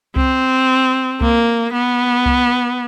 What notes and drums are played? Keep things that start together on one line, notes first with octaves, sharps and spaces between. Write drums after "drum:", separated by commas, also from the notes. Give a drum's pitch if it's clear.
C4, drum: kick C2
A#3, drum: kick C2
B3
drum: kick C2